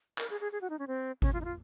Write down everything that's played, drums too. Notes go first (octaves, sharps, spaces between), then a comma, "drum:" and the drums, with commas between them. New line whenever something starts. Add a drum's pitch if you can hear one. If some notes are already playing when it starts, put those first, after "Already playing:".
A#4, drum: clap
G#4
G#4
G#4
F#4
D#4
C#4
C4
C#4, drum: kick G#1
F4
D#4
F4